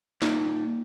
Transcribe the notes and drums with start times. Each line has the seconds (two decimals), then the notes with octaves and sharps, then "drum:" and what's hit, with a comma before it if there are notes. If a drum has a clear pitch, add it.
0.22 A#3 D#4 F4 D5, drum: snare